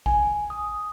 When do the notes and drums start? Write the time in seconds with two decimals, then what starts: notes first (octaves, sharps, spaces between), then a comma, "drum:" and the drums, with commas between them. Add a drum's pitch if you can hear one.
0.06 G#5, drum: kick A#1
0.50 D#6